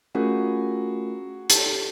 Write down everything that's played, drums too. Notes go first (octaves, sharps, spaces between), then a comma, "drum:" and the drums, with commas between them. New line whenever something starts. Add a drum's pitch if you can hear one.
A3 C#4 F4 F#4 G#4 A#4
G4 A4, drum: hi-hat